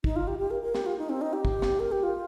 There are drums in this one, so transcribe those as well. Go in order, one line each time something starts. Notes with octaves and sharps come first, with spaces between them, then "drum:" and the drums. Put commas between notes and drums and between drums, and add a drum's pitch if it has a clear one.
D#4, drum: kick
F4
G4
G4
A#4
A#4
G4, drum: snare
F4
D#4
C4
D#4
G4
drum: kick
drum: snare
A#4
G4
F4